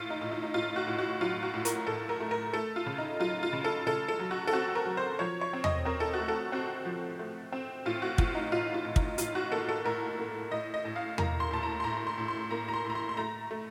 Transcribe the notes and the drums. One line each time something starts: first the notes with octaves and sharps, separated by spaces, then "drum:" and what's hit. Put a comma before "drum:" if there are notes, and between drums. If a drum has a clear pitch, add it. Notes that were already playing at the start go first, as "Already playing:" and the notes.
Already playing: A2 F4
D#4
A2
D#4
D#4
A2 F4
F#4
A2
F#4
F#3 F4
F#4
A2
A#4, drum: hi-hat
A2 A4
A#4
A3
A#4
A3 A4
F4
C#3
D#4
F#3 F4
F4
C#3
A4
C#3 A4
A4
F#3
F#4
A4
C4 F#4
A#4
F#3
C5
F3 C#5
C#5
C4
D#5, drum: tom E2
C4 A#4
A4
F#4
A3
A4
C4 F#4
F3
A3
C4
A2 F4
F#4
A2 F4, drum: kick
D#4
A2 F4
F4
A2
D#4, drum: kick
A2 F4, drum: hi-hat
F#4
A#3 A4
A4
A2 A#4
A#3
A2 D#5
D#5
A2
F5
A#3 A#5, drum: tom E2
C6
A2 A5
A#5
C6
A2 A#5
C6
A2
C6
A#3 A#5
A#5
C6
A2 A#5
C6
C6
A3 A#5
A3